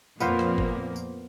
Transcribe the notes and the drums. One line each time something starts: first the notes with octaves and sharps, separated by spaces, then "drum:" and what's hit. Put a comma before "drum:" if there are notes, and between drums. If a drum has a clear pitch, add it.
F2 A#2 A#3 B3 F4 C5, drum: tambourine
drum: rim click
drum: kick G1
drum: tambourine